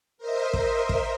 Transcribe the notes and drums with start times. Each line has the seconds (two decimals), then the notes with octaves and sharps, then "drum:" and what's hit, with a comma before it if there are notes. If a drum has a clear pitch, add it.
0.18 A#4 C5 D#5 E5
0.53 drum: kick
0.89 drum: kick